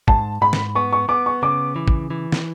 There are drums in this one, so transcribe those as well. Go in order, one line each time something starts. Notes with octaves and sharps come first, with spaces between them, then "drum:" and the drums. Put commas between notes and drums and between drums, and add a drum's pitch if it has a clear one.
G#2 A5, drum: kick
G#2 B5
drum: snare
B3 C#6
C#6
B3 D6
C#6
C#3 D6
E3
drum: kick
E3
drum: snare